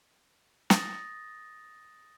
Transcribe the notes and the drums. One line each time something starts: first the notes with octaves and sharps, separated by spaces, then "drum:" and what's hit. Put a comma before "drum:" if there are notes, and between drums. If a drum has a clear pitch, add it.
D#6 A6 A#6, drum: snare